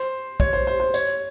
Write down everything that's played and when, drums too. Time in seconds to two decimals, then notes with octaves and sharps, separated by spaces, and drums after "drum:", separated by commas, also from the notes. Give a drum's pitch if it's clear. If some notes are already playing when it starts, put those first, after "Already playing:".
Already playing: C5
0.40 C#5, drum: kick
0.53 C5
0.67 C5
0.80 C5
0.94 C#5, drum: tambourine